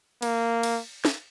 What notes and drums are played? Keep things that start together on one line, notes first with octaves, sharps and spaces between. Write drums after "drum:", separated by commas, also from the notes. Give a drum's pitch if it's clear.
A#3, drum: cymbal
drum: cymbal
drum: snare